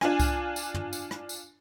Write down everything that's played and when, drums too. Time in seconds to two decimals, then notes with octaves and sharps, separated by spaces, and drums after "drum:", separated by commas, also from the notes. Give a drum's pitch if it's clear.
0.01 D4 F4 G#5, drum: rim click
0.20 drum: kick C2, tambourine
0.56 drum: tambourine
0.74 drum: tom
0.93 drum: tambourine
1.11 drum: rim click
1.29 drum: tambourine